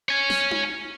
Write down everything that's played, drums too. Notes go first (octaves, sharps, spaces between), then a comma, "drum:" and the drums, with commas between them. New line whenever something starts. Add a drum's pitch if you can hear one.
C#5 G#5
drum: snare
drum: tom D#4